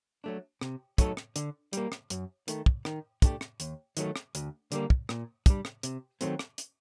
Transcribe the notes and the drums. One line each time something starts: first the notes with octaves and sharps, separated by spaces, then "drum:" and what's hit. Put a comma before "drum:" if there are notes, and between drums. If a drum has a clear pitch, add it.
F#3 A3 D4
C3, drum: rim click
F#3 A3 D#4 A4, drum: kick, hi-hat
drum: rim click
D3, drum: hi-hat
G3 A#3, drum: hi-hat
drum: rim click
F#2, drum: hi-hat
D#3 A3, drum: hi-hat
drum: kick
D#3, drum: rim click
A3 D4 G4, drum: kick, hi-hat
drum: rim click
D#2, drum: hi-hat
D#3 F#3 A3, drum: hi-hat
drum: rim click
D2, drum: hi-hat
D3 G3 A#3, drum: hi-hat
drum: kick
A#2, drum: rim click
G3 D4, drum: kick, hi-hat
drum: rim click
C3, drum: hi-hat
D#3 F#3 A3 C4, drum: hi-hat
drum: rim click
drum: hi-hat